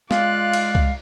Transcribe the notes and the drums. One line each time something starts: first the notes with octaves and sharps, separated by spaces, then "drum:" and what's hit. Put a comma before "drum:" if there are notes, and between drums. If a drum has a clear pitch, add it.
G#3 F4 D5 F5 F#6, drum: snare
drum: cymbal
drum: kick C2